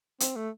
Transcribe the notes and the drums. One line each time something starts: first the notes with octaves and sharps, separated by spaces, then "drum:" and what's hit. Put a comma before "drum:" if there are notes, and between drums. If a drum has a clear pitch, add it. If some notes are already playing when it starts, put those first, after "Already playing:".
C4, drum: hi-hat
A3